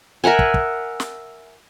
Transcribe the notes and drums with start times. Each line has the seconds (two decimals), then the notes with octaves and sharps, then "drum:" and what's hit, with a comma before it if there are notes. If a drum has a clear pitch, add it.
0.24 A#4 E5 F#5 G#5
0.39 drum: kick
0.54 drum: kick
1.00 drum: snare